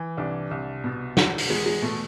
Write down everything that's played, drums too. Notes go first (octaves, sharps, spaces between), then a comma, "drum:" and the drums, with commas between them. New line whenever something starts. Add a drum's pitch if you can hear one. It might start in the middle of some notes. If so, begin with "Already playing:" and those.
Already playing: E3
C2 D4
C2
B2
E2, drum: snare
drum: open hi-hat
E2 G#3
G#3
B2 A3